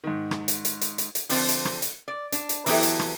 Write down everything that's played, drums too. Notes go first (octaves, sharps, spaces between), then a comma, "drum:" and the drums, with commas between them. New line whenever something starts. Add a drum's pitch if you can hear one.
G#2 D#3
drum: rim click
drum: hi-hat
drum: hi-hat
drum: hi-hat
drum: hi-hat
drum: hi-hat
D3 F3 C4, drum: open hi-hat
drum: hi-hat
drum: rim click
drum: hi-hat
D5
D4, drum: hi-hat
drum: hi-hat
E3 F#3 B3 E4 G4 A4, drum: open hi-hat
drum: hi-hat
drum: rim click